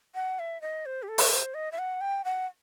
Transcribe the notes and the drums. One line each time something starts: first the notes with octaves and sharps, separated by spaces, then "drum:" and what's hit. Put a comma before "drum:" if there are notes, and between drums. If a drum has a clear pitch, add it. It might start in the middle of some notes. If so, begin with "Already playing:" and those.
F#5
E5
D#5
C5
G4
A4
drum: open hi-hat
C5
D#5
E5
F#5
G5
F#5